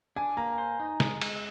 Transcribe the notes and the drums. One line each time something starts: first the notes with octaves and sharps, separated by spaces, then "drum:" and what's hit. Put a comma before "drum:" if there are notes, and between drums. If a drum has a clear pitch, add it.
D4 G#5
A#3 A#5
C5
D#4
G#3, drum: snare
G#3, drum: cymbal